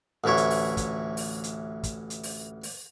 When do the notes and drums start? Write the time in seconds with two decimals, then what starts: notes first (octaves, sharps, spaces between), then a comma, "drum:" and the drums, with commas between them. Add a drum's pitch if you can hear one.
0.24 A1 D2 E3 E4 C#5
0.37 drum: hi-hat
0.50 drum: open hi-hat
0.77 drum: kick, hi-hat
1.17 drum: open hi-hat
1.44 drum: hi-hat
1.83 drum: kick, hi-hat
2.10 drum: hi-hat
2.23 drum: open hi-hat
2.63 drum: open hi-hat